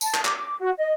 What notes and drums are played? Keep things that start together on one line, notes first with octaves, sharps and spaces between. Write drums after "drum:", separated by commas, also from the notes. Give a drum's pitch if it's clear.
A5, drum: tambourine
drum: clap
D6, drum: clap
F#4
D#5